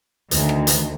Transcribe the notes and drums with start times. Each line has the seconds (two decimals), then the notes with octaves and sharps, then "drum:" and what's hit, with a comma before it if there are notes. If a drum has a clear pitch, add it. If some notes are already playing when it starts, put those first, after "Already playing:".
0.31 D2 D#3, drum: hi-hat
0.49 drum: rim click
0.67 drum: hi-hat